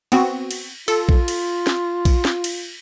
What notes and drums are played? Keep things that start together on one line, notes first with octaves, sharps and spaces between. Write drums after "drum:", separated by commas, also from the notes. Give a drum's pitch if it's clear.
B3 C4 F#4, drum: cymbal
drum: cymbal
F4 A4, drum: cymbal
drum: kick A#1
drum: cymbal
drum: snare
drum: kick A#1, cymbal
drum: snare
drum: cymbal